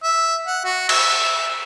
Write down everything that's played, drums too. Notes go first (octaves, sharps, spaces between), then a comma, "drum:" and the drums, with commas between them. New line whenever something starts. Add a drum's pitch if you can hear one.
E5
F#5
F#4
E5, drum: cymbal